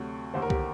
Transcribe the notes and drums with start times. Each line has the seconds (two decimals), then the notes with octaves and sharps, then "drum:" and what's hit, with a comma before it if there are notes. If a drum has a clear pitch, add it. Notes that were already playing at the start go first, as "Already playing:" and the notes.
Already playing: D2 C3 F#3 A3
0.34 D#2 D3 A3 C5
0.42 A#4
0.50 G4, drum: kick C2